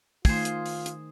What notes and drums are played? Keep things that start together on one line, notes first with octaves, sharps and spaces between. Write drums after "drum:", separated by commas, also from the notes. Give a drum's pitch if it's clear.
D#3 A3 F4 G#4 C5, drum: kick, open hi-hat
drum: hi-hat
drum: open hi-hat
drum: hi-hat